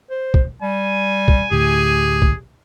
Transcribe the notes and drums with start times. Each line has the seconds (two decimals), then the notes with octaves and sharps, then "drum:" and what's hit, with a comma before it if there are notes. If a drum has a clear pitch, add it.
0.10 C5
0.34 drum: kick
0.62 G3 G#5
1.28 drum: kick
1.51 D2 A2 G4 G#4
2.22 drum: kick